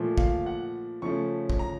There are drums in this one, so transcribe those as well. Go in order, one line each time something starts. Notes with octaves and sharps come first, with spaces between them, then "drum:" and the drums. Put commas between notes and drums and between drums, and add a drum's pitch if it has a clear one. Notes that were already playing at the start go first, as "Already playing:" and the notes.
Already playing: A#2 F3 A3
F5, drum: kick
F#5
C#3 F3 A3 C#4 C#6
drum: kick
A#5